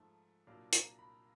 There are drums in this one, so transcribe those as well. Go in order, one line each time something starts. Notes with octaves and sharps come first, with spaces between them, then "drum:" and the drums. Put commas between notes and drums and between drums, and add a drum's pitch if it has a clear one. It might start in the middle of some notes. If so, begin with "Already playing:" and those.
Already playing: G#2 F3 A3
C2 A#2 F#3 A#3 D4 F5
A#5, drum: hi-hat
B5